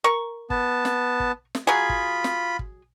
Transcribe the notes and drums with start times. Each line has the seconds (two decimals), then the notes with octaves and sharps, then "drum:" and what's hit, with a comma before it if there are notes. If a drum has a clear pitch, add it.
0.04 A#4 C#6
0.50 B3 A5, drum: kick
0.85 drum: snare
1.20 drum: kick
1.55 drum: snare
1.67 F#3 F4 G#4 B5
1.89 drum: kick
2.24 drum: snare
2.59 drum: kick